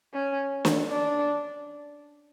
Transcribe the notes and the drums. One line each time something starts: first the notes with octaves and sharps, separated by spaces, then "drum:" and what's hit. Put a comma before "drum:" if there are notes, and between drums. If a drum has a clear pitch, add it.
C#4
drum: snare
D4